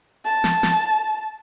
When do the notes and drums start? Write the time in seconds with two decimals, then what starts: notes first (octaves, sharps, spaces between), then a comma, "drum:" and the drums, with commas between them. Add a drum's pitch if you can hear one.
0.25 A5
0.44 drum: snare
0.63 drum: snare